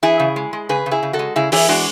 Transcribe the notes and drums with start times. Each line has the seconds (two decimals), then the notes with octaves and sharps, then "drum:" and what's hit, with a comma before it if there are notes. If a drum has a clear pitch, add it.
0.03 E3 E4 G#4
0.20 C#3
0.36 G#3
0.53 G#3
0.69 C#3 G#4 B4
0.86 C#3
0.91 E4 G#4
1.03 C#3
1.13 F#4 A4
1.19 G#3
1.36 C#3 E4 G#4
1.52 E3 E4 G#4, drum: open hi-hat
1.69 G#3 D4 F#4